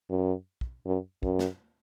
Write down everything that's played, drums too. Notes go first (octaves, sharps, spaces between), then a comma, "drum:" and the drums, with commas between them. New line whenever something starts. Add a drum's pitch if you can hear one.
F#2
drum: kick
F#2
F#2, drum: kick
drum: snare